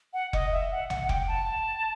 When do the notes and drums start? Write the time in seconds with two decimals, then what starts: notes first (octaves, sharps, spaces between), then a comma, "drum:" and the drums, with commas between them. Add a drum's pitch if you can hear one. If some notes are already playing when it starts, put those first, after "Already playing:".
0.13 F#5
0.33 D#5, drum: kick F1
0.52 E5
0.72 F#5
0.90 F#5, drum: tom A#1
1.04 F#5
1.09 G5, drum: kick F1
1.28 A5